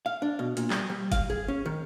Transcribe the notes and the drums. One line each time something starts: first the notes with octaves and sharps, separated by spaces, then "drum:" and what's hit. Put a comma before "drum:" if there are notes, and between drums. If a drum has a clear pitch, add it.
F5
D4
B2
A#2, drum: hi-hat
G3, drum: clap
G3
F5, drum: kick, hi-hat
G#4
C#4
D#3